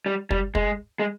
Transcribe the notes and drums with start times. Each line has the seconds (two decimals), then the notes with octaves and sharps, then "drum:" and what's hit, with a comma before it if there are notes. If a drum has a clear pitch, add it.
0.06 G3
0.31 G3, drum: kick
0.55 G#3, drum: kick
0.99 G#3